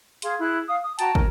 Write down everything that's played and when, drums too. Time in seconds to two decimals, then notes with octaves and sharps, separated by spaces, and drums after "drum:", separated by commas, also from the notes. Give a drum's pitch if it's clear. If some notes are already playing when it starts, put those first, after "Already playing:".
0.22 G#4 F5 C6, drum: hi-hat
0.40 E4 G#4 F#6
0.68 F5 D#6
0.82 D#6
0.99 F#4 G5 A5 A#5, drum: hi-hat
1.15 A#4 G#5, drum: kick